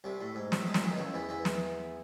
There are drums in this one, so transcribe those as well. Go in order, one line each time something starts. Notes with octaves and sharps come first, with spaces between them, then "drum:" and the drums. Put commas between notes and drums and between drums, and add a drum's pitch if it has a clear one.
C2 C3
A2
G#2
A2, drum: snare
G#3
F#3, drum: snare
E3
D#3
C#2 C#3
E2 E3
E2 E3
drum: snare